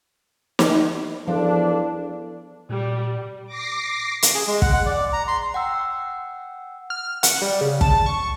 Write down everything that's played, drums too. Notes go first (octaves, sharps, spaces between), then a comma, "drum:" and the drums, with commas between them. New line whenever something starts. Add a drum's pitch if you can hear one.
drum: snare
E2 F3 D4 A4 E5 G5
A#2 G3
D6 A#6 C7
drum: hi-hat
G#4
G#3
F#5, drum: kick
F#5
D5
A#5
C6
F#5 G5 E6
F6
F#5, drum: hi-hat
G3
C#3
A5, drum: kick
C#6